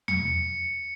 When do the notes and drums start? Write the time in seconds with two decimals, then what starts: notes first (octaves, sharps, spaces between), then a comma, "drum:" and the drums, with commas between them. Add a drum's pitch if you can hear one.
0.08 C#7, drum: tom E2